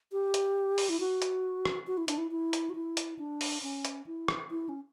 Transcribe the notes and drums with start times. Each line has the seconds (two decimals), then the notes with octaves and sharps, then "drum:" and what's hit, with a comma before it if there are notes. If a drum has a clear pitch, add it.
0.12 G4
0.34 drum: hi-hat
0.78 drum: open hi-hat
0.89 E4
1.00 F#4
1.22 drum: hi-hat
1.65 drum: rim click
1.87 F#4
1.97 E4
2.08 D4, drum: hi-hat
2.18 E4
2.31 E4
2.53 drum: hi-hat
2.70 F#4
2.75 E4
2.97 drum: hi-hat
3.19 D4
3.41 drum: open hi-hat
3.63 C#4
3.85 drum: hi-hat
4.07 E4
4.28 drum: rim click
4.50 E4
4.69 C#4